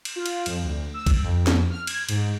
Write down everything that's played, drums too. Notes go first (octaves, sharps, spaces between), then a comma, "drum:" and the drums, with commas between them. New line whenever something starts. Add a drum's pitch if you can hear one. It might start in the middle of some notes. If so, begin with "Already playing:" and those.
drum: cymbal
F4
drum: cymbal
F2, drum: cymbal
D2
E6
drum: kick A#1, cymbal
F2
drum: snare
F6
G#6, drum: cymbal
G#2, drum: cymbal